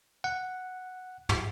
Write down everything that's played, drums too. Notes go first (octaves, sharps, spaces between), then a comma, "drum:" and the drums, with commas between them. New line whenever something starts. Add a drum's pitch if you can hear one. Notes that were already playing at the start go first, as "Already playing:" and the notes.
F#5
drum: tom